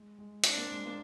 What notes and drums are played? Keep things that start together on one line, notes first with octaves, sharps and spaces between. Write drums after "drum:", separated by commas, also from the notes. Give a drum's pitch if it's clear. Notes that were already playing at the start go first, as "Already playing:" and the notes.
Already playing: G#3
G#3
C4 D4, drum: hi-hat
A#3
G#3
A#3